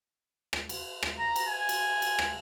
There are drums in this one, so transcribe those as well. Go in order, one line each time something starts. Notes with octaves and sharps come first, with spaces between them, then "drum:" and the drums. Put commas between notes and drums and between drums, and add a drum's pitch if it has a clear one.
drum: rim click
drum: cymbal
drum: rim click
A#5
drum: cymbal
G#5
drum: cymbal
drum: cymbal
drum: rim click